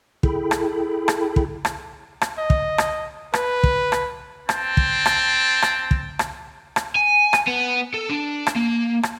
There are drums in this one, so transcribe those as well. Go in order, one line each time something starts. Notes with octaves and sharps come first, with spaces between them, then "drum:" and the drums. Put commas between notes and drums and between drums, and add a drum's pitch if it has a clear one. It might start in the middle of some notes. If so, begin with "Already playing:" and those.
E4 G#4 A4 G5 B5, drum: kick
drum: rim click
drum: rim click
drum: kick
drum: rim click
drum: rim click
D#5
drum: kick
drum: rim click
B4, drum: rim click
drum: kick
drum: rim click
C4 A5, drum: rim click
drum: kick
drum: rim click
drum: rim click
drum: kick
drum: rim click
drum: rim click
G#5
drum: rim click
B3
A4
D4
drum: rim click
A#3
drum: rim click